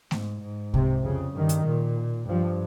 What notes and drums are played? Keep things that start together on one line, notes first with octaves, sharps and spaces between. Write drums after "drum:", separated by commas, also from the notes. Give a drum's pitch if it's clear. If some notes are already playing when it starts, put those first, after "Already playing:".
G#2, drum: snare A3
G#2
C3, drum: kick C2
F2 C#3
G2 D#3
drum: hi-hat
A#2
G2 F3